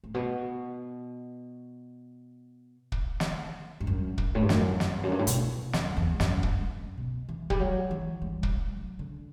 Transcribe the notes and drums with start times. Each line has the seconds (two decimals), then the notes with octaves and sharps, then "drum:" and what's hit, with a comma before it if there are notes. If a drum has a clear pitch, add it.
0.04 A2
0.14 B2
2.92 drum: kick
3.20 drum: snare
3.80 G2
3.87 F#2
4.18 F#2, drum: kick
4.35 A2
4.42 G2
4.49 F#2, drum: snare
4.80 G2, drum: snare
4.96 E2
5.03 F#2
5.12 G2
5.19 A2
5.27 B2, drum: hi-hat
5.73 F#2, drum: snare
5.97 E2
6.20 F#2, drum: snare
6.43 G2, drum: kick
6.67 F#2
6.98 B2
7.29 E3
7.50 G3, drum: kick
7.59 F#3
7.91 E3
8.22 G3
8.43 drum: kick
8.53 G3
8.76 F#3
8.99 D3